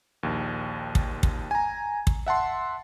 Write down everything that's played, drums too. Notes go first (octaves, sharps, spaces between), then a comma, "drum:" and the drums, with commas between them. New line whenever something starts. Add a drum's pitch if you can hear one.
A#1 D#2
drum: kick
drum: kick
G#5 A#5
drum: kick
E5 F#5 A5 C6